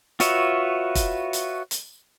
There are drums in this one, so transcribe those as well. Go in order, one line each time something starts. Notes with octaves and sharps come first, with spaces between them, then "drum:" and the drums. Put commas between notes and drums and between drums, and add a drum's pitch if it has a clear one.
F4 F#4 B4 C#5 E5, drum: hi-hat
drum: kick, hi-hat
drum: hi-hat
drum: hi-hat